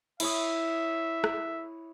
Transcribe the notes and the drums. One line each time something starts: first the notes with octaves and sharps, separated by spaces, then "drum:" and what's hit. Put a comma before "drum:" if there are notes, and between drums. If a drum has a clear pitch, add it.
E4 C#5 E5 D#6, drum: cymbal
drum: rim click